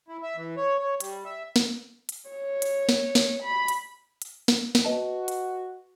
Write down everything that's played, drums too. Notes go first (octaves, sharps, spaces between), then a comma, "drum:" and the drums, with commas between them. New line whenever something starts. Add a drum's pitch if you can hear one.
E4
E5
E3
C#5
C#5
G3, drum: hi-hat
E5
drum: snare
drum: hi-hat
C#5
drum: hi-hat
drum: snare
drum: snare
B5
drum: hi-hat
drum: hi-hat
drum: snare
drum: snare
F#4 B4 D#5 A5
drum: hi-hat